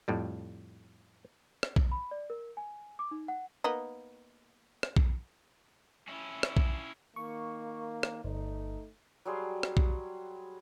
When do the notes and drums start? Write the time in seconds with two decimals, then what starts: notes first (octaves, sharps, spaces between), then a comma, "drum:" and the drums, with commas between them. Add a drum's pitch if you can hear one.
0.08 F2 A2 G3
1.63 drum: rim click
1.76 drum: kick B1
1.92 B5
2.11 D5
2.30 A#4
2.57 G#5
2.99 D6
3.11 D#4
3.28 F#5
3.64 A#3 B3 D#4
4.83 drum: rim click
4.96 drum: kick B1
6.08 C#4 E4
6.43 drum: rim click
6.57 drum: kick B1
7.16 D#3 A#3 C#6
8.03 drum: rim click
8.24 G1 A3 D#4
9.25 F#3 G3 G#4 C5
9.63 drum: rim click
9.77 drum: kick B1